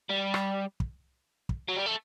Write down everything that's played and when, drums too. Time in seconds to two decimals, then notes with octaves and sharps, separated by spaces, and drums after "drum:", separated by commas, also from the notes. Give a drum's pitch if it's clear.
0.10 G3
0.34 drum: rim click
0.80 drum: kick
1.49 drum: kick
1.69 F#3
1.76 G3
1.86 A3